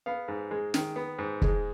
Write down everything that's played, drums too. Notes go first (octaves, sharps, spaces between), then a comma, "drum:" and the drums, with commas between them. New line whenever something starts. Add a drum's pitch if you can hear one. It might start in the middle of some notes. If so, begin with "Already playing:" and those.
B3 F5
G#2
G#3
D#3, drum: snare
B3
G#2
G#3, drum: kick